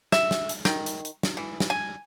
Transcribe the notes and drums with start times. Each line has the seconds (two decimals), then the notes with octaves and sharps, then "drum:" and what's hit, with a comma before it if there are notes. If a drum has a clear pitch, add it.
0.12 E5, drum: snare
0.31 drum: snare
0.49 drum: hi-hat
0.65 D#3, drum: snare
0.86 drum: hi-hat
1.05 drum: hi-hat
1.23 drum: snare
1.37 E3
1.60 drum: snare
1.70 G#5